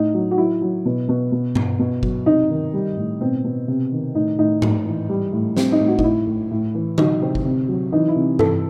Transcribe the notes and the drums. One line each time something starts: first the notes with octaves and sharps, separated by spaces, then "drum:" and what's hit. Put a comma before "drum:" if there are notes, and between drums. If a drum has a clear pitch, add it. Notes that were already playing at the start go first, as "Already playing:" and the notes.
Already playing: A2 D#4
F#3
F#4
F#3 E4
F#3
B2
B2
B2
B2, drum: tom G2
B2
F#3, drum: kick G1
C3 D#4
D#3
G3
A2
B2 C4
B2
C3
D#3
A2 D#4
A2 D#4
A2, drum: tom G#2
E3
G3
A2
G3 C4, drum: snare
D#4
A2
F#4
D#4, drum: kick G1
A2 E4
A2
A2
E3
F#3 D#4, drum: tom D3
C3 C4
drum: kick G1
C3
F#3
E3 D#4
E4
C3
E3 A4, drum: tom G2